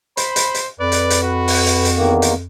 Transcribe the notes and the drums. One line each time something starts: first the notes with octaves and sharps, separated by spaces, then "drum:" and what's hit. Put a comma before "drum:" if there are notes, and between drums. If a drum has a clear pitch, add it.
C5 B5, drum: hi-hat
drum: hi-hat
drum: hi-hat
F2 B4 D5
drum: hi-hat
drum: hi-hat
F#4
drum: open hi-hat
drum: hi-hat
drum: hi-hat
E2 D#3 A#3
drum: hi-hat